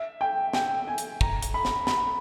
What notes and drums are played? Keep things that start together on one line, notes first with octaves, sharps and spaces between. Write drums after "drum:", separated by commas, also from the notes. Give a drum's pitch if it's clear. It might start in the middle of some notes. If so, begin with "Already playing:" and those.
Already playing: E5
G5
G5, drum: snare
G#5
drum: hi-hat
A#5, drum: kick
drum: hi-hat
B5
drum: snare
B5, drum: snare